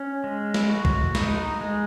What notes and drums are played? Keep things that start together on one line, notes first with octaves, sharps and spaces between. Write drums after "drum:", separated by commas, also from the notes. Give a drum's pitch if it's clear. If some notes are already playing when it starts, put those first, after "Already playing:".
Already playing: C#4
G#3
drum: snare
F#4
drum: kick C2
D#4, drum: snare
G#3